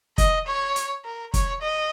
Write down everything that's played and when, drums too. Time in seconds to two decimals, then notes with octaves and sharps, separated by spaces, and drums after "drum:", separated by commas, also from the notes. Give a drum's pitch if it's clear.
0.18 D#5, drum: kick, hi-hat
0.47 C#5
0.76 drum: hi-hat
1.05 A#4
1.34 C#5, drum: kick, hi-hat
1.62 D#5